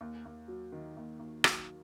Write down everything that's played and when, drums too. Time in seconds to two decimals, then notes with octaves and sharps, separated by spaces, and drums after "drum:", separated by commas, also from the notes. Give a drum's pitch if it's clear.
0.01 D#2
0.25 D#2
0.48 F#3
0.72 D#3
0.97 D#2
1.19 D#2
1.44 F#3, drum: rim click